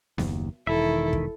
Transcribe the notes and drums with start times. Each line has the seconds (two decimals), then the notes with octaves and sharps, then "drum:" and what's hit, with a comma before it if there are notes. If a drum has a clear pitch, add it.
0.18 F#1 D#2, drum: snare B3
0.67 E1 D#3 E4 A4 E5
1.13 drum: kick